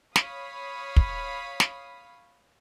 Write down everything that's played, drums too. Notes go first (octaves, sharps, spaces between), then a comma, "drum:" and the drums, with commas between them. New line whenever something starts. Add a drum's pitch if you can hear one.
C#5 F5 B5 D#6, drum: snare
drum: kick
drum: snare